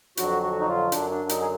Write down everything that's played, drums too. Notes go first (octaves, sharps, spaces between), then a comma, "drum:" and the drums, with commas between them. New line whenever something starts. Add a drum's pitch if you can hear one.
F2 D3 F#3 F#4, drum: hi-hat
F#4
D#4
F4
F#2 D3 F#3 D4, drum: hi-hat
D4
D#4, drum: hi-hat
G#4